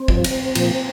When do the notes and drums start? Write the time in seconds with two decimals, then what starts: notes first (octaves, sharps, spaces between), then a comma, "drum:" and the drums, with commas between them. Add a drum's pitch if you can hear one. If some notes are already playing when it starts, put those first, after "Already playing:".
Already playing: C4
0.08 G2 F3, drum: kick
0.24 drum: cymbal
0.55 A#2 F3, drum: cymbal